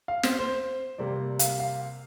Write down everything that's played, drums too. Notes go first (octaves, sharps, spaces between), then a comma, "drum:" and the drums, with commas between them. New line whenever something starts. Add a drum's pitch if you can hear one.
F5
C5, drum: snare
C5
C3 G3 A#3 D5
F5, drum: hi-hat
F5